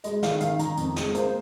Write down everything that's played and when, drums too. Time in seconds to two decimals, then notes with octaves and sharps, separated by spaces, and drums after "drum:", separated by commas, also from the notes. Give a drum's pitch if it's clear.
0.04 G#3 D#5, drum: hi-hat
0.23 D#3 F5, drum: snare
0.40 D#3 F5, drum: hi-hat
0.59 D#3 A#5, drum: hi-hat
0.77 F2, drum: hi-hat
0.96 G#3, drum: snare
1.15 A#3 C5, drum: hi-hat